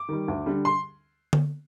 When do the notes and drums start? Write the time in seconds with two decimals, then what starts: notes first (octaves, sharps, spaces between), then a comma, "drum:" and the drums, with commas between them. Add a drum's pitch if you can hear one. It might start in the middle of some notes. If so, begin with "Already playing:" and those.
Already playing: D6
0.09 D#3 G3
0.28 D2
0.46 D3 G3
0.65 C6
1.33 drum: tom D3